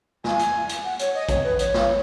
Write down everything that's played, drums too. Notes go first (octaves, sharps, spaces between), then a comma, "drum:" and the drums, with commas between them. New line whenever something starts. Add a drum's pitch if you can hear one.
G#5, drum: snare
drum: hi-hat
drum: hi-hat
F#5
C#5, drum: hi-hat
D#5
C#5, drum: kick A1, hi-hat
B4
C#5, drum: hi-hat
drum: snare